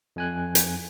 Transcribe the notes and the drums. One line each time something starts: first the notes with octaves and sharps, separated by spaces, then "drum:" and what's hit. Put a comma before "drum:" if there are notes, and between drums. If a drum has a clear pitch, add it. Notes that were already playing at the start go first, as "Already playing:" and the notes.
F2 G#5 F#6
drum: hi-hat